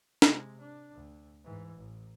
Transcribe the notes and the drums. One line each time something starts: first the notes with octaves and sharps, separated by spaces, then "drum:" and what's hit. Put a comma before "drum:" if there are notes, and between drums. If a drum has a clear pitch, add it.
C3 G#3, drum: snare
D4
D2
G#2 E3
A1